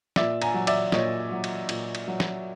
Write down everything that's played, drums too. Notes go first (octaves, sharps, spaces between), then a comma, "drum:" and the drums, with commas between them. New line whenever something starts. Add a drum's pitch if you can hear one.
A#2 D5 E5, drum: snare
G#5 A#5, drum: cymbal
F#3
D5 E5, drum: cymbal
A#2 C#5 D#5, drum: snare
F#3
drum: cymbal
A#2, drum: cymbal
drum: cymbal
F#3
drum: snare